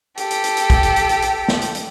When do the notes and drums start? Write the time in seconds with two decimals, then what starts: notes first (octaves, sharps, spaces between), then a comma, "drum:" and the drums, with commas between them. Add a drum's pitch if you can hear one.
0.17 G4 A4, drum: hi-hat
0.31 drum: hi-hat
0.44 drum: hi-hat
0.57 drum: hi-hat
0.70 drum: kick, hi-hat
0.83 drum: hi-hat
0.96 drum: hi-hat
1.09 drum: hi-hat
1.22 drum: hi-hat
1.48 drum: snare
1.62 drum: hi-hat
1.75 drum: hi-hat